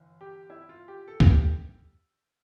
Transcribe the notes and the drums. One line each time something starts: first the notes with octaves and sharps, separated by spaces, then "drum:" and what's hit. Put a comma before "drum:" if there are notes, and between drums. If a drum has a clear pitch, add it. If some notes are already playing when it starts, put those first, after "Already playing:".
Already playing: G1 E3
G4
E4
F4
G4
A4
A4, drum: kick
G4